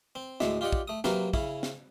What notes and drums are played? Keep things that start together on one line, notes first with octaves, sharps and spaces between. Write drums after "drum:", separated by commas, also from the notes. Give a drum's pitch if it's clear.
C4
D2 A2 G#3 E5, drum: snare
F4 G4 D5 D#5 F#5
drum: kick
A3 D#6
C3 F#3 A#3 C4 A#4 B4, drum: snare
C#3 C#4 E4, drum: kick
drum: snare